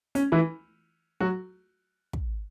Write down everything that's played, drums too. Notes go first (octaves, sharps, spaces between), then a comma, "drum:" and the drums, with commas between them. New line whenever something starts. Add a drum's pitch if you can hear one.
C#4, drum: hi-hat
E3 E4
F#3 F#4
drum: kick